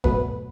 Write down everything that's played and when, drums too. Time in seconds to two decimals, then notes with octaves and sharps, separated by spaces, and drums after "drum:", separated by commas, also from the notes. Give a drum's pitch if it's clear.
0.04 B2 F#3 A3 B3 B4, drum: kick F1